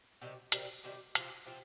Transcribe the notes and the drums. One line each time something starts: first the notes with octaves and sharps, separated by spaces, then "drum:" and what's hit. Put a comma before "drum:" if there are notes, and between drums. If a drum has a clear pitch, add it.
C3 D#3 G3
C3 D#3 G3, drum: hi-hat
C3 D#3 G3
C3 F3 C4 F4, drum: hi-hat
C3 F3 C4 F4